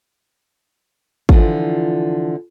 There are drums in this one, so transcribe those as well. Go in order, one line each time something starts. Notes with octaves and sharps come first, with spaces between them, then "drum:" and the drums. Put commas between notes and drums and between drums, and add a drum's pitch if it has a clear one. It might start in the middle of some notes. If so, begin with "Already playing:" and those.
D3 E3 F3 F4, drum: kick